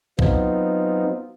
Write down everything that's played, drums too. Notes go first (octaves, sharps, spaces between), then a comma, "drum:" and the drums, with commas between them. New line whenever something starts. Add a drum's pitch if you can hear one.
F#3 B3 C4 D#4 F4, drum: kick